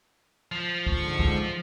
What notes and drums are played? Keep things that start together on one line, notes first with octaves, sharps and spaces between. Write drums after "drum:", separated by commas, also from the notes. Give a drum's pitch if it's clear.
F3
G#2 D3 C#6, drum: kick
drum: kick